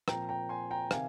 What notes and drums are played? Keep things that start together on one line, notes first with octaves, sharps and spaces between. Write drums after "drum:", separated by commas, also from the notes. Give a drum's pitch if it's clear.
A#2 F3 C4 G5 A#5, drum: rim click
G5 A#5
G#5 C6
G5 A#5
C3 D#3 F5 G#5, drum: rim click